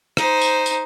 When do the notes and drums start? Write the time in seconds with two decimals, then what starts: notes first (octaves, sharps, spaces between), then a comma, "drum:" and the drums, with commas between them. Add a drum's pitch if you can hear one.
0.17 D#4 C5, drum: rim click
0.41 drum: tambourine
0.66 drum: tambourine